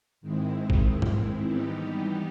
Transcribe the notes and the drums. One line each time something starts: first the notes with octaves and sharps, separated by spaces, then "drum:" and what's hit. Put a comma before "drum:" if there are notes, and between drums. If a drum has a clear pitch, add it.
G#2 D#3 G#3 C4 E4
drum: kick G#1
drum: tom
E3 G3 B3 D#4 G4